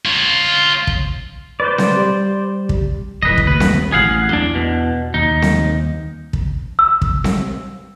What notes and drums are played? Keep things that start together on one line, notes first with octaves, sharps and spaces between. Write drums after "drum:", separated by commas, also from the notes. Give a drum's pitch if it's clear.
F4 C#5
drum: kick
B4 C5 D5
drum: snare C4
G3
drum: kick
D1 E3 B4 D#5
drum: kick
D#2 B2 B4
drum: snare C4
A1 G#4 F5 F#5
E2 D4
B2
D#2 D#4
drum: snare C4
drum: kick
E6
drum: kick
drum: snare C4